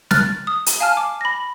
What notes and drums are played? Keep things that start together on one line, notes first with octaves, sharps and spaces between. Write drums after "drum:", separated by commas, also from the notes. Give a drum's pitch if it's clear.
F6 F#6 A6, drum: snare
D#6
drum: hi-hat
F5 G#5 A5 F6
D6
B5 A#6